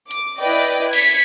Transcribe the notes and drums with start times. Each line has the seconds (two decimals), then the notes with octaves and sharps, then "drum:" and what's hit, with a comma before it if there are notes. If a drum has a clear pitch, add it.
0.11 D6, drum: hi-hat
0.41 E4 B4 D5 D#5 G5 D6
0.93 G#6 B6 C#7, drum: cymbal